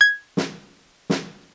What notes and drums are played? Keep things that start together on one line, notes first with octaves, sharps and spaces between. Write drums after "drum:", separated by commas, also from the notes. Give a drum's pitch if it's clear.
G#6
drum: snare
drum: snare